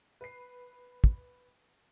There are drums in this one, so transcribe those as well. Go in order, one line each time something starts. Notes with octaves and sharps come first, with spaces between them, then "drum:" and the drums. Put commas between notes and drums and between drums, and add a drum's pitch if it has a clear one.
B4 C7
drum: kick